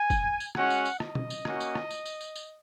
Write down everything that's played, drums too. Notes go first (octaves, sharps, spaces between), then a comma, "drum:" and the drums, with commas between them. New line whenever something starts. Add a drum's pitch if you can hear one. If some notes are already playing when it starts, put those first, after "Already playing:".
Already playing: G#5
drum: kick F#1, tambourine
drum: tambourine
G#3 C#4 F#4 F#5, drum: rim click
drum: tambourine
drum: tambourine
D#5, drum: rim click
drum: tom
drum: tambourine
A#3 C#4 F#4, drum: rim click
drum: tambourine
drum: rim click
drum: tambourine
drum: tambourine
drum: tambourine
drum: tambourine